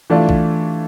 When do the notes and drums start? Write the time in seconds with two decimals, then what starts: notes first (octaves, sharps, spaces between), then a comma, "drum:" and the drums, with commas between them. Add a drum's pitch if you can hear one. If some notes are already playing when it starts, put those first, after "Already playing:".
0.10 E3 A3 D4 F4
0.29 drum: kick